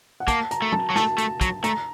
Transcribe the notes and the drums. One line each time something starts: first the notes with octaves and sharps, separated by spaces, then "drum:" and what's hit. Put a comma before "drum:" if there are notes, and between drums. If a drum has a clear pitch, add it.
F#5
A#3 A5, drum: kick, hi-hat
A#5, drum: hi-hat
A3
A5, drum: tom
F#3
A3 A5, drum: snare
A3, drum: hi-hat
F#3, drum: kick, hi-hat
A3 A#5, drum: hi-hat